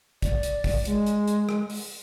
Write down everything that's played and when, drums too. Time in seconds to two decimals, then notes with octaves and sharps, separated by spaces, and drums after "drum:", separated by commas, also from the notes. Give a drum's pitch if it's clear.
0.22 D5, drum: kick, hi-hat
0.43 drum: hi-hat
0.64 drum: kick, open hi-hat
0.85 G#3, drum: hi-hat
1.06 drum: hi-hat
1.28 drum: hi-hat
1.49 drum: rim click
1.70 drum: open hi-hat